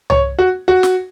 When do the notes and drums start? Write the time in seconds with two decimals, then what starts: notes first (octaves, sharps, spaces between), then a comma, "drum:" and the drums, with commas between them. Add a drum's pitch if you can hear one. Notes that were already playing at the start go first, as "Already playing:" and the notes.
0.10 C#5, drum: tom C2
0.39 F#4
0.68 F#4
0.83 drum: snare